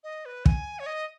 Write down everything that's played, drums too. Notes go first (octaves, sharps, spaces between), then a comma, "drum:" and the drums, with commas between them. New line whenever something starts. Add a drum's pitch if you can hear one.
D#5
B4
G#5, drum: kick
C#5
D#5